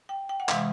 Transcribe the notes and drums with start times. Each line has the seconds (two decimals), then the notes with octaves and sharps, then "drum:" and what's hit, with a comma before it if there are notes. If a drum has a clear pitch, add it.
0.09 G5
0.29 G5
0.40 F#5
0.49 C3 E3 G#3 F5, drum: clap